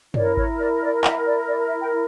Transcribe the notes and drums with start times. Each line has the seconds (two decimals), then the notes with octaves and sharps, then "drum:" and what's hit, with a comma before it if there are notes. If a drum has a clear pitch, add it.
0.14 E4 A#4 C#5 D5, drum: tom
0.37 C#5, drum: kick G#1
0.59 D5
0.81 D5
1.04 E5, drum: clap
1.26 D5
1.48 D5
1.65 E5
1.81 G5